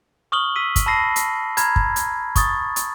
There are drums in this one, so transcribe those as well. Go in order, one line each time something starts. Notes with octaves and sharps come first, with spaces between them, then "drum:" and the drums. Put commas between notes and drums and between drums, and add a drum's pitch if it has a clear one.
C#6 D#6 F6 F#7 G7
E6 B6 D#7
drum: kick, hi-hat
A5 B5 E6 A#6 C7
drum: hi-hat
A#5 B5 F6 G#6, drum: hi-hat
drum: kick
drum: hi-hat
C#6 D#6 A6, drum: kick, hi-hat
drum: hi-hat